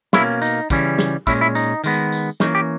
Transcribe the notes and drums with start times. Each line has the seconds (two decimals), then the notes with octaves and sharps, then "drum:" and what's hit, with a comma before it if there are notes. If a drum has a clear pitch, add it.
0.13 B2 A#3 C#4 E4, drum: snare
0.42 D#4, drum: tambourine
0.70 C#3 E3 G3 C#4, drum: kick, tambourine
0.99 drum: snare
1.27 A#2 G#3 C#4 E4, drum: kick, tambourine
1.41 E4
1.55 D#4, drum: tambourine
1.84 D#3 G#3 B3, drum: tambourine
2.12 drum: tambourine
2.40 E3 A#3 C#4 D#4, drum: snare
2.55 G4